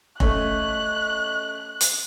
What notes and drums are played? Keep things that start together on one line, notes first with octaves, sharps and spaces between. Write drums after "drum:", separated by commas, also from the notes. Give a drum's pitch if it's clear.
A3 C#4 D#5 C#6 F#6, drum: kick F1
drum: hi-hat